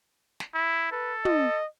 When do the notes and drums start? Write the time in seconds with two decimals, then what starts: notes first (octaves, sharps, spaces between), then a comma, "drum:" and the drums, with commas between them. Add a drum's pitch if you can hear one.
0.40 drum: snare
0.54 E4
0.92 A4 B4
1.25 D#5, drum: tom